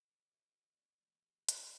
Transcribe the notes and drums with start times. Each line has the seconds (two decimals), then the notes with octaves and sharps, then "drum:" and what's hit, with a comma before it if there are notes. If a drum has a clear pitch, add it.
0.07 F#3 C#4 F#4 A4 C#5
0.30 D3 A#3 F#4 A#4 C#5 E5
0.73 A3 B3 C#5 D5
0.99 E3 G#3 A#3
1.17 G4 G#4
1.49 C#3 F3 E4 A#4, drum: hi-hat